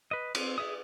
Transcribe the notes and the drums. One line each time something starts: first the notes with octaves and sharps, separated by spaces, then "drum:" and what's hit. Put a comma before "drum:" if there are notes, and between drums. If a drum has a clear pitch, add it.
B4 D#5
C4, drum: cymbal
G#4 E5 D#6